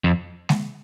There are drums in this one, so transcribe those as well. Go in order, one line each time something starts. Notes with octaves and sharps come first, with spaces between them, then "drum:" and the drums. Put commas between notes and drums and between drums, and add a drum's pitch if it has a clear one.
F2
drum: snare